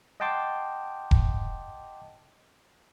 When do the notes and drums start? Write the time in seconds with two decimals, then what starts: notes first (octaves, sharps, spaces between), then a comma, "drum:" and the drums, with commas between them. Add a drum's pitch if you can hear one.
0.20 D#5 F#5 G5 A5 C6 D6
1.11 drum: kick E1